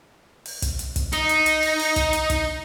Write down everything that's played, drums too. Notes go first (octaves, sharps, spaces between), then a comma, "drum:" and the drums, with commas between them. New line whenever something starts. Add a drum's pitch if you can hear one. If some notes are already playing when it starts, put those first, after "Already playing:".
drum: open hi-hat
drum: kick, hi-hat
drum: hi-hat
drum: kick, hi-hat
D#4, drum: hi-hat
drum: hi-hat
drum: hi-hat
drum: open hi-hat
drum: open hi-hat
drum: kick, hi-hat
drum: hi-hat
drum: kick, hi-hat